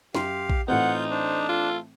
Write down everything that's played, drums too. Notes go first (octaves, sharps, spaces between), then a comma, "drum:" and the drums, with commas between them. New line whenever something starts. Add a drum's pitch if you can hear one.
F#2 G4 F5 C6, drum: snare
drum: kick A#1
A2 E3 C4 D#4 F4 F#5 G6
D4 C5
F4 A4